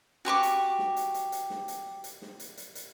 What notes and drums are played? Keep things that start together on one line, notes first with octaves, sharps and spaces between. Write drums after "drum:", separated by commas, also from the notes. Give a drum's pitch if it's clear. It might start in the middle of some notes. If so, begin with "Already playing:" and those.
F#4 G4 C#6 D6
drum: hi-hat
drum: snare
drum: hi-hat
drum: hi-hat
drum: hi-hat
drum: snare
drum: hi-hat
drum: hi-hat
drum: snare
drum: hi-hat
drum: hi-hat
drum: hi-hat